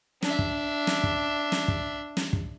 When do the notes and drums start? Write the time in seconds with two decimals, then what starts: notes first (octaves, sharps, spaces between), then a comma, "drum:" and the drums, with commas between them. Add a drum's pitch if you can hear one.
0.22 D4 E5, drum: snare
0.39 drum: kick
0.87 drum: snare
1.03 drum: kick
1.52 drum: snare
1.68 drum: kick
2.17 drum: snare
2.33 drum: kick